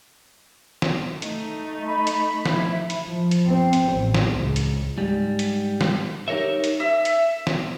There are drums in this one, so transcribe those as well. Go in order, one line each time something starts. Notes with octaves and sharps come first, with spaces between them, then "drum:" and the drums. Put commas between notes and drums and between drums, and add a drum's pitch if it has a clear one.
drum: snare
A3 D#4, drum: hi-hat
B5
drum: hi-hat
F3 E4, drum: snare
drum: hi-hat
F3
drum: hi-hat
C4
drum: hi-hat
A1
drum: snare
C#2
drum: hi-hat
G#2 G3
drum: hi-hat
drum: snare
D#4 G4 A#4 C#5 E5
drum: hi-hat
E5
drum: hi-hat
drum: snare